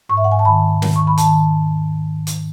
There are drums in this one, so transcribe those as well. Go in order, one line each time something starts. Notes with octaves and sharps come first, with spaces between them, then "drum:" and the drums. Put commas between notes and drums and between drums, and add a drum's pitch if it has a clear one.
G#2 C#6
E5
F#5
G#2 G#5
A5
D#3 B5
E2
D#3, drum: snare
D#3 C#6
B5
D#3 A5, drum: hi-hat
drum: hi-hat